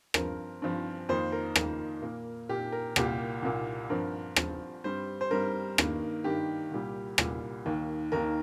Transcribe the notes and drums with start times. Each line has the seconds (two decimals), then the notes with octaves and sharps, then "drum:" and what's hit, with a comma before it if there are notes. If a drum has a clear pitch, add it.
0.14 G2 F3 C4 A#4, drum: rim click
0.62 G2 F3 C4
1.09 F2 D#3 A#3 C5
1.32 A#4
1.56 F2 D#3 A#3, drum: rim click
2.02 A#2 A#3
2.49 A#2 A#3 G4
2.72 A#4
2.96 C2 A#2 A#3 G4, drum: rim click
3.42 C2 A#2 A#3
3.90 G2 F3 C4 A#4
4.36 G2 F3 C4, drum: rim click
4.84 G2 G3 C4 C5
5.21 C5
5.30 G2 G3 C4 A#4
5.78 G2 D#3 A#3, drum: rim click
6.24 G2 D#3 A#3 G4
6.71 C2 A#2 G3
7.18 C2 A#2 G3, drum: rim click
7.66 D#2 D#3 A#3
8.12 D#2 D#3 A#3 A#4